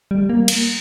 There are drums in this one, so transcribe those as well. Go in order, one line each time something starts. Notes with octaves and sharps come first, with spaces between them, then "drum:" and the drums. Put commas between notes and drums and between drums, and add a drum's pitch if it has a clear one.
G3
A#3
drum: cymbal